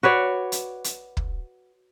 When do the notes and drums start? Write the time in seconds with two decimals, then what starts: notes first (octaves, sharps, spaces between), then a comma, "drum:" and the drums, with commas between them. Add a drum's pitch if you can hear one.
0.03 F#4 B4 C#5 D5
0.52 drum: hi-hat
0.84 drum: hi-hat
1.17 drum: kick